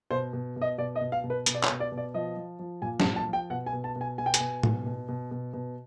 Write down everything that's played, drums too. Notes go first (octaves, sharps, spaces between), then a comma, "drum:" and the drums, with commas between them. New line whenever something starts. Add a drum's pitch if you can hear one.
B2 C5
B2
B2
D#5
B2 D5
D#5
B2
F5
B2
B4
B2, drum: hi-hat
D5
C#5, drum: clap
B2
D5
B2
D5
F3 D#5
F3
F3
A#2 G#5
A5, drum: snare
A#2
A5
F3
G5
B2 F#5
G#5
B2
A5
B2
G#5
B2 G#5
G5
G#5, drum: hi-hat
B2
B2, drum: tom
B2
B2
B2
B2